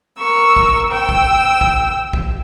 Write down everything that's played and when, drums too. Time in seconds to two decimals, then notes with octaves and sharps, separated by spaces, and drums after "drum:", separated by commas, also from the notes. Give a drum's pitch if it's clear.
0.17 A#4 C#6 E6
0.56 drum: kick
0.91 G5 E6
1.09 drum: kick
1.61 drum: kick
2.13 drum: kick